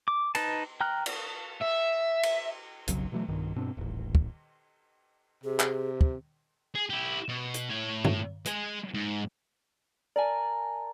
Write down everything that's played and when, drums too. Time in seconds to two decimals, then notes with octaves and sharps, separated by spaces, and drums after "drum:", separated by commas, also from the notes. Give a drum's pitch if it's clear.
0.08 D6
0.35 D#4 B4 A5, drum: cymbal
0.81 G5 A#5 F6 F#6
1.06 drum: cymbal
1.62 E5
2.23 drum: cymbal
2.88 F1 B1 C#3 F#3, drum: hi-hat
3.12 B2 E3 F#3 A3
3.29 B1 G2 D#3
3.56 G2 B2 C4 D4
3.77 D#1 A1
4.15 drum: kick
5.44 C3 G#4
5.60 drum: clap
6.01 drum: kick
6.75 G#4
6.90 E4 G4
7.28 B2
7.54 drum: hi-hat
7.69 A2 C#5
8.05 drum: tom G2
8.45 G#3 G#5, drum: hi-hat
8.94 G#2
10.16 A#4 D5 G#5 A5